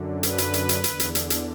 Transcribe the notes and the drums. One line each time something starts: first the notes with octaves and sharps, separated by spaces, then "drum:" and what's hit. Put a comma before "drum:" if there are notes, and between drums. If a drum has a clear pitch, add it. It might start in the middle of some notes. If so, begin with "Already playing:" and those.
Already playing: F#2 D3
B4, drum: hi-hat
drum: hi-hat
drum: hi-hat
drum: hi-hat
E2 D3, drum: hi-hat
drum: hi-hat
drum: hi-hat
drum: hi-hat